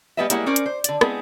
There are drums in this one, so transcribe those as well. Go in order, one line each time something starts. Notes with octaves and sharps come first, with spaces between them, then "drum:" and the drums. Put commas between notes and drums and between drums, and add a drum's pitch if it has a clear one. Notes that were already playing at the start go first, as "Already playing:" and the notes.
G3 G#3 B3 B4 D#5 E5
G3 G#3 A#3 E4 C#5 F#5, drum: hi-hat
C#4 A#4 C5 D5
drum: hi-hat
C5
D3 D5, drum: hi-hat
G#3 B3 C4 E4 G#4, drum: rim click